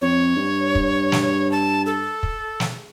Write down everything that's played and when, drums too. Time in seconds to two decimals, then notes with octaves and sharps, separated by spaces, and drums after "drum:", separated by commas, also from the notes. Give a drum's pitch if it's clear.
0.01 F2 C#5
0.36 G2
0.75 drum: kick
1.12 drum: snare
1.52 A5
1.86 A4
2.23 drum: kick
2.60 drum: snare